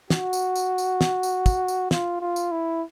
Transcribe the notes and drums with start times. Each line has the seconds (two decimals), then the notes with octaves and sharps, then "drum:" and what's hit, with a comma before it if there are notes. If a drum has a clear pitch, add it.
0.10 F#4, drum: snare
0.33 drum: tambourine
0.56 drum: tambourine
0.78 drum: tambourine
1.01 drum: snare
1.23 drum: tambourine
1.46 drum: kick, tambourine
1.68 drum: tambourine
1.91 F4, drum: snare
2.21 F4
2.36 drum: tambourine
2.52 E4